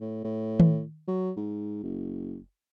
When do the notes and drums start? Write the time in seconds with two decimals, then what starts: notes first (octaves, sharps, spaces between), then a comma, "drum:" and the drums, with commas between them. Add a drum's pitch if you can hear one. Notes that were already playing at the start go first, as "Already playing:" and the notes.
0.01 A2
0.24 A2
0.60 drum: tom D#3
1.08 F#3
1.37 G#2
1.83 F#1